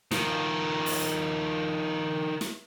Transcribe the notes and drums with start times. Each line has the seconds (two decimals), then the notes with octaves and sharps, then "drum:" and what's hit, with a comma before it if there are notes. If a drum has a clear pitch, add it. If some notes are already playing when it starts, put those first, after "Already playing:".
0.11 D#3 F3, drum: snare
0.86 drum: open hi-hat
2.41 drum: snare